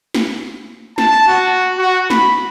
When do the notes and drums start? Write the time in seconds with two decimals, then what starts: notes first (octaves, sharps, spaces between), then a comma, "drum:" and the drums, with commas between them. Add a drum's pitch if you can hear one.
0.15 drum: snare
0.98 A5, drum: snare
1.27 F#4
1.78 F#4
2.10 B5, drum: snare